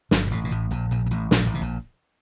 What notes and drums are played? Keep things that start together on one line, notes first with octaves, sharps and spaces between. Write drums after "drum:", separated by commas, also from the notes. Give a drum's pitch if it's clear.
G1 G2, drum: snare
A#2
A1 A2
A#2
A1 A2
A#1 A#2
A#1 A#2
A#2
A1 A2
A#1 A#2, drum: snare
G2
A1 A2
C3
A#1 A#2